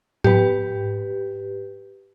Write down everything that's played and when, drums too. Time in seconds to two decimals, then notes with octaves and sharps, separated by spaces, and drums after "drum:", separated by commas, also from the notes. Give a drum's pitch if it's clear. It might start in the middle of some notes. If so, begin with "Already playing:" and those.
0.24 G4 B4, drum: tom G#2